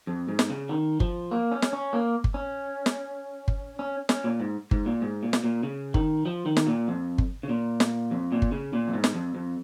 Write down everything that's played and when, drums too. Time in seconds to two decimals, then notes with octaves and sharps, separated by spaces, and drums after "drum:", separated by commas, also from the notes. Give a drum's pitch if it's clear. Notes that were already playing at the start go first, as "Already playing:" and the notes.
0.07 F2
0.28 G#2
0.39 drum: snare
0.50 C#3
0.69 D#3
1.00 F3, drum: kick G1
1.31 A#3
1.52 C#4
1.62 drum: snare
1.73 C#4
1.93 A#3
2.24 drum: kick G1
2.34 C#4
2.86 drum: snare
3.48 drum: kick G1
3.79 C#4
4.09 C#4, drum: snare
4.24 A#2
4.40 G#2
4.71 G#2, drum: kick G1
4.86 A#2
5.02 G#2
5.23 A#2
5.33 drum: snare
5.44 A#2
5.63 C#3
5.94 D#3, drum: kick G1
6.26 F3
6.46 D#3
6.57 drum: snare
6.67 A#2
6.88 F2
7.18 drum: kick G1
7.43 C#3
7.49 A#2
7.80 drum: snare
8.11 F2
8.32 A#2
8.42 drum: kick G1
8.52 C#3
8.73 A#2
8.88 F2
8.93 G#2
9.04 drum: snare
9.14 F2
9.35 F2